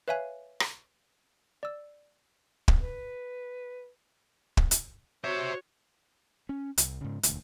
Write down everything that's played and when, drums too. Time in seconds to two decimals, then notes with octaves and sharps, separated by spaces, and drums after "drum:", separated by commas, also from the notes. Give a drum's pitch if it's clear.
0.08 B4 C#5 E5 F5 G#5 F#6
0.60 drum: rim click
1.63 D5 E6
2.68 drum: kick
2.80 B4
4.57 drum: kick
4.71 drum: hi-hat
5.24 F#4 C5 C#5 E5
6.49 C#4
6.78 C2, drum: hi-hat
7.01 G#2 C#3
7.23 E1 D2, drum: hi-hat